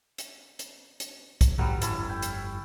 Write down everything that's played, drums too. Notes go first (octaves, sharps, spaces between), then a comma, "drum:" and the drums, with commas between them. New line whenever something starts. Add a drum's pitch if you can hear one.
drum: hi-hat
drum: hi-hat
drum: hi-hat
drum: kick B1, hi-hat
G1 F2 F#3 G3
C#4 E4 A5, drum: hi-hat
G5
drum: hi-hat